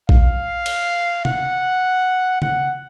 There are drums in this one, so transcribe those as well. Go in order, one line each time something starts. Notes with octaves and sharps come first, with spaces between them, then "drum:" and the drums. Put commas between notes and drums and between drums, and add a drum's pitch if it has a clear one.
F5, drum: kick A#1
drum: cymbal
F#5, drum: tom C3
F#5, drum: tom